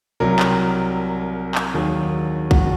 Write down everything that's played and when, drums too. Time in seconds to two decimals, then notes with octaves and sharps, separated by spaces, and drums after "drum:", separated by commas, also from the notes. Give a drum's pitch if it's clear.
0.20 C2 C3 F#3 A#4
0.39 drum: clap
1.55 drum: clap
1.74 D#2 D#3 F#3 G#4
2.51 F#4, drum: kick A#1